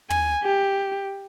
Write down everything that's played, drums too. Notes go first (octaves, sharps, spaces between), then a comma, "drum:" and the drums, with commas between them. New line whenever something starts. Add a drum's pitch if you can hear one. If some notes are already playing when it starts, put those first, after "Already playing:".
G#5, drum: tom
G4